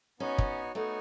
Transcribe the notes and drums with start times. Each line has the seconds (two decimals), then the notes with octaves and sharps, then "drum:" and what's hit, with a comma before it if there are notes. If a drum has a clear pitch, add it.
0.20 B3 C#4 D#4 F#4 C#5 G#5
0.38 drum: kick
0.75 A3 B3 D#4 F#4 C#5 G#5